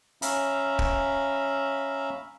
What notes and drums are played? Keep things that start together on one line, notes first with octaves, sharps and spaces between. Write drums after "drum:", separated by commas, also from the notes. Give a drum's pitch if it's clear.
C#4 E5 F5 A#5 B5, drum: hi-hat
drum: kick